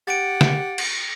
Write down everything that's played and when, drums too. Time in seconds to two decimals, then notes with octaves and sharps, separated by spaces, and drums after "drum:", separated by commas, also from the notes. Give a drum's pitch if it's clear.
0.07 G4 F#5 A6 D7
0.41 drum: snare D3
0.78 drum: cymbal